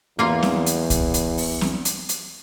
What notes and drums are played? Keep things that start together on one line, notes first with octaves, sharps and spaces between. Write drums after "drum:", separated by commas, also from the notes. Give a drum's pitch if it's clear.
E2 A#3 F4
drum: snare C4
drum: hi-hat
drum: kick C2, hi-hat
drum: hi-hat
drum: open hi-hat
drum: snare C4
drum: hi-hat
drum: hi-hat